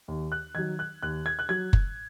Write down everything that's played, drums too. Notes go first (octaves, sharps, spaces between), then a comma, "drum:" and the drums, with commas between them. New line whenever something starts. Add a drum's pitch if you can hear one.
D#2
F#6
D#3 F#3 G#6
F#6
D#2 F#6
G#6
F#6
F#3 G#6
drum: kick F#1